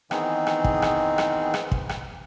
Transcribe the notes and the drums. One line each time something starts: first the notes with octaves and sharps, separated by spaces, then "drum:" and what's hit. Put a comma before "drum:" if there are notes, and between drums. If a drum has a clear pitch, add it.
D#3 E3 B3 C4 D#4 G#4, drum: rim click
drum: rim click
drum: kick
drum: rim click
drum: rim click
drum: rim click
drum: kick
drum: rim click